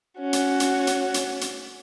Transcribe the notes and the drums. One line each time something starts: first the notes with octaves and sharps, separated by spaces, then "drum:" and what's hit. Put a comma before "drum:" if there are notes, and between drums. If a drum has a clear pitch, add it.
C#4 F#4
drum: hi-hat
drum: hi-hat
drum: hi-hat
drum: hi-hat
drum: hi-hat